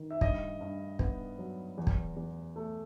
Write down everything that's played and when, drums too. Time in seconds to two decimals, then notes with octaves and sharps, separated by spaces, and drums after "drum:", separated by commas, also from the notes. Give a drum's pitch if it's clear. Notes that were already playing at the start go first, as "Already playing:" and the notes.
Already playing: D#3
0.11 E5
0.21 G2 D#5, drum: kick
0.61 G2
0.99 B3, drum: kick
1.38 F#3
1.77 E2
1.87 drum: kick
2.16 E2
2.56 A3